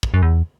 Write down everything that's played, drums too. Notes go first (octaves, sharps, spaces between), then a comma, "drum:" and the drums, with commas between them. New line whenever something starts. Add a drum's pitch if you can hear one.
drum: kick
F#2
E2